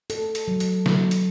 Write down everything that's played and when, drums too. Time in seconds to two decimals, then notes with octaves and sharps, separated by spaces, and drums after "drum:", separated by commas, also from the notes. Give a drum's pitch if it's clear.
0.10 A4, drum: hi-hat
0.35 drum: hi-hat
0.48 F#3
0.60 drum: hi-hat
0.86 F#3, drum: snare
1.11 drum: hi-hat